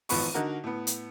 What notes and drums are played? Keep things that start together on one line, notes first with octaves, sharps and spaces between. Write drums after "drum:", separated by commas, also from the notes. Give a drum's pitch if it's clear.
G#1 E3 F3 B3 B5 C#6, drum: open hi-hat
D3 D#4 F#4 A#4
A2 B3
drum: hi-hat